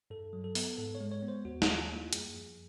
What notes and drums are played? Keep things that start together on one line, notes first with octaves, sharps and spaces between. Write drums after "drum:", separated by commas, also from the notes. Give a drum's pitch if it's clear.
G2 A4
F#3
A4
B3, drum: open hi-hat
G#2 A4
C#5
G#3
C#5
B3
C5
D#2 F#4
F4, drum: snare
G3
E4
A#3
F4
F#2 G#4, drum: hi-hat
F3